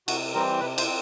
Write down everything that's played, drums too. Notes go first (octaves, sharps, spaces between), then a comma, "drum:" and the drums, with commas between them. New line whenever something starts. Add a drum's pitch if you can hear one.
C3 F#4, drum: cymbal
E3 G3 C4 A#4
C3 B4
C5, drum: cymbal
C4